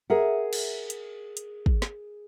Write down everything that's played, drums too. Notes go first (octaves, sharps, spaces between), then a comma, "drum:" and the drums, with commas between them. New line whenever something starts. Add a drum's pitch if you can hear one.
G#4 A#4 E5 F#5
drum: cymbal
drum: hi-hat
drum: hi-hat
drum: kick
drum: snare